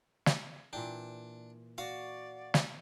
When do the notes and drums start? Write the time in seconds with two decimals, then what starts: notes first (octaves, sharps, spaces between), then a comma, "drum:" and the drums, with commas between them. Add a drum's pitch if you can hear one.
0.26 drum: snare
0.73 A#2 E3 D4 G5
1.78 F#4 D5 F5
2.54 drum: snare